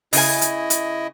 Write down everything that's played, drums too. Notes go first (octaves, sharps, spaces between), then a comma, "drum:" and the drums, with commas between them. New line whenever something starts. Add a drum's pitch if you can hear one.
C#3 E4 D#5 G#5, drum: open hi-hat
drum: hi-hat
drum: hi-hat